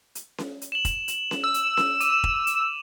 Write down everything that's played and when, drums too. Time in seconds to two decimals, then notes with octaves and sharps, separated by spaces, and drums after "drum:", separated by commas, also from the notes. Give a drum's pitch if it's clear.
0.15 drum: hi-hat
0.38 drum: snare C#4
0.62 drum: hi-hat
0.72 E7 F#7
0.85 drum: kick, hi-hat
1.08 drum: hi-hat
1.31 drum: snare C#4
1.44 E6
1.54 drum: hi-hat
1.77 drum: snare C#4
2.00 D6 D#7 E7, drum: hi-hat
2.24 drum: kick
2.47 drum: hi-hat